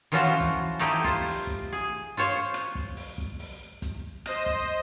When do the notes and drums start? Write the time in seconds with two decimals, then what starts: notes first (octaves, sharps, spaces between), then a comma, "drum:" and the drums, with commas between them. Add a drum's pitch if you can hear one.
0.12 E3 F3 C#4 F4 F#4 C5
0.40 drum: kick, hi-hat
0.79 A3 D#4 E4 G4
1.04 F4 C5, drum: kick
1.26 drum: open hi-hat
1.47 drum: kick
1.73 G#4
2.17 F4 C5 C#5
2.54 drum: rim click
2.75 drum: kick
2.97 drum: open hi-hat
3.18 drum: kick
3.39 drum: open hi-hat
3.82 drum: kick, hi-hat
4.26 C5 D#5, drum: rim click
4.46 drum: kick